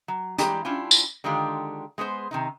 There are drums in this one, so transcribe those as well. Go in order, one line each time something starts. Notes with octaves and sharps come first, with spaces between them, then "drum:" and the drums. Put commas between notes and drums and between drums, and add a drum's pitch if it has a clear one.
F#3
E3 G3 G#3 D4 G4 A#5, drum: hi-hat
G3 C#4 D4 E4 F4
drum: tambourine
D3 D#3 G#3 D4 F4 G4
G#3 B3 G#4 C5
C3 D#3 D#4